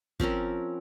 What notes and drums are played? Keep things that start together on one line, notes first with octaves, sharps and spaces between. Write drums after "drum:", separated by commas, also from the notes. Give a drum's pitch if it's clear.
F3 C4 C#4 A#4, drum: kick